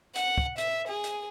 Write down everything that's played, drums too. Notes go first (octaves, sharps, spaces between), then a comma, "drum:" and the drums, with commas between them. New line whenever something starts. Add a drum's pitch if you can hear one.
F#5, drum: hi-hat
drum: kick
E5, drum: hi-hat
G#4
drum: hi-hat